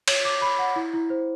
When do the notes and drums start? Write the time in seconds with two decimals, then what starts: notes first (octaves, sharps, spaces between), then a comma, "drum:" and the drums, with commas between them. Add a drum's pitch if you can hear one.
0.08 C#5, drum: cymbal
0.25 D6
0.42 B5
0.59 F#5
0.76 E4
0.93 E4
1.10 C5